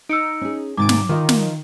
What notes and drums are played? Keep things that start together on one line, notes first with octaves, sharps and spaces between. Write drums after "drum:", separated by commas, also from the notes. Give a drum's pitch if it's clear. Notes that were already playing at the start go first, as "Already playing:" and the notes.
D#4 E6 C#7 D7
C#4 G#4
G#2 C3 D#3 G#5 D6 A6 D7
drum: snare
D#3 F4 A#4 D#5
drum: snare